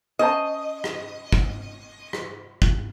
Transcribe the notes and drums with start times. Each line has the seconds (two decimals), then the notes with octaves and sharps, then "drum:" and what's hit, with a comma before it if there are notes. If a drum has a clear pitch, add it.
0.19 C#4 C5 D#5 A5
0.84 drum: rim click
1.32 drum: kick
2.13 drum: rim click
2.62 drum: kick